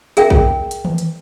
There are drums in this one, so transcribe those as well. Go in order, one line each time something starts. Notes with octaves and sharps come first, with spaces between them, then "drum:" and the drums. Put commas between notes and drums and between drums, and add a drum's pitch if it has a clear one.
G#4 A#4 E5 G5, drum: hi-hat
drum: kick A#1
drum: hi-hat
drum: tom D#3
drum: hi-hat